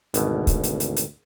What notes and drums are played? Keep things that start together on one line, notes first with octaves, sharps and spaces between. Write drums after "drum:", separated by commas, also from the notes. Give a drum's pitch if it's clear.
G#1 D2 B2, drum: hi-hat
drum: kick, hi-hat
drum: hi-hat
drum: hi-hat
drum: hi-hat